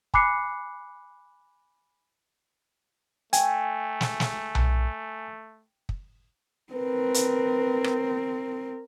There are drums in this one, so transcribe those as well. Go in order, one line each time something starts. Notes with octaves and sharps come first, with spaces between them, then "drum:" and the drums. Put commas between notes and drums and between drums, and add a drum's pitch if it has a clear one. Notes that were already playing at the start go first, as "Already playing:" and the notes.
G#5 B5 D6 F#6 C7 C#7, drum: kick
A3 G5 G#5, drum: hi-hat
drum: snare
drum: snare
drum: tom B1
drum: kick
C4 A#4 B4
drum: hi-hat
drum: rim click